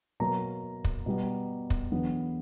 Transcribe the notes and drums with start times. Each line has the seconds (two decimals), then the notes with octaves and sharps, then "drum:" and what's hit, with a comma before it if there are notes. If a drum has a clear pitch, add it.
0.20 B2 F#3 A#3 A#5
0.84 drum: kick
1.06 B2 G3 B3
1.70 drum: kick
1.92 E2 D3 F#3 B3